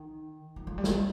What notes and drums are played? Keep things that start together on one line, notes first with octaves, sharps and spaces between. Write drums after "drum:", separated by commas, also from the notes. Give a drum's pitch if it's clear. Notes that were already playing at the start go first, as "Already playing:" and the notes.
Already playing: D#3
F3
F3
G3
G#3, drum: snare
G3